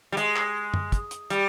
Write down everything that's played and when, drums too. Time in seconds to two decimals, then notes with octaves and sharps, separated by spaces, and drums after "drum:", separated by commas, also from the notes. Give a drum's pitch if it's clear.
0.12 G3
0.17 G#3, drum: hi-hat
0.36 drum: clap
0.74 drum: tom F#2
0.92 drum: kick, hi-hat
1.11 drum: hi-hat
1.30 G3, drum: hi-hat